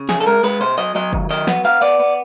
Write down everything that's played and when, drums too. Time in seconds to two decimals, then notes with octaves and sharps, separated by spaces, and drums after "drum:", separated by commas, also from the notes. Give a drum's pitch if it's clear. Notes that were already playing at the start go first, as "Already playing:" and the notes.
Already playing: C#3
0.09 B1 G#4, drum: snare
0.20 A4
0.26 G#3 A#4
0.43 G#3 B4, drum: tambourine
0.61 B2 C5
0.78 F#3 D#5, drum: tambourine
0.95 F#3 D#5
1.13 D#3, drum: kick
1.30 F#3 D#5
1.47 B3, drum: snare
1.64 B3 F5
1.81 B3 D5, drum: tambourine
1.99 B3